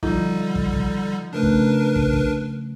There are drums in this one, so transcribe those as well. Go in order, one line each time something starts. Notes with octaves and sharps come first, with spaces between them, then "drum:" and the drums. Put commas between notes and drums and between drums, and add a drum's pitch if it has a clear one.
D3 F3 G3 D#4 F4, drum: kick
F3
drum: kick
drum: kick
C#3 A3 C#4 D4 A#4 B4
drum: kick
drum: kick
drum: kick